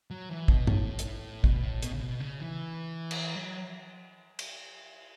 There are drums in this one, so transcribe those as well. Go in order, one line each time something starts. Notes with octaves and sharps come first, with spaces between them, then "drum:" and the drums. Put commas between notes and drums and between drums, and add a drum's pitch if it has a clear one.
F#3
E3
B2, drum: kick
A2, drum: tom G2
drum: hi-hat
B2, drum: kick
A2
B2, drum: hi-hat
C#3
B2
C#3
E3
drum: cymbal
F#3
drum: cymbal